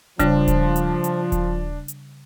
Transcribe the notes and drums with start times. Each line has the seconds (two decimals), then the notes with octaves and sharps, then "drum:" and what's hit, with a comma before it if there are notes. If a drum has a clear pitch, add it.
0.19 C#3 F3 G3 D4, drum: kick D#1, hi-hat
0.48 drum: kick D#1, hi-hat
0.76 drum: hi-hat
1.04 drum: hi-hat
1.32 drum: kick D#1, hi-hat
1.88 drum: hi-hat